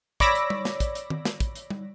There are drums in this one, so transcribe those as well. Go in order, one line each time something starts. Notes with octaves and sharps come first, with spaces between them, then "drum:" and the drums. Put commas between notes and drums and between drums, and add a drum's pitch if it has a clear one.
C#5 D5 B5 D6 E6 A#6, drum: kick, hi-hat
drum: hi-hat
drum: tom G3
drum: snare
drum: kick, hi-hat
drum: hi-hat
drum: tom D#3
drum: snare
drum: kick, hi-hat
drum: hi-hat
drum: tom G3